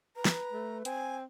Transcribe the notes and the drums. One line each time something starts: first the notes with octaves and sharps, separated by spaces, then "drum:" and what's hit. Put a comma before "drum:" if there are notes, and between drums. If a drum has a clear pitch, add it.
B4 A#5
drum: snare
A3
C4 G#5, drum: hi-hat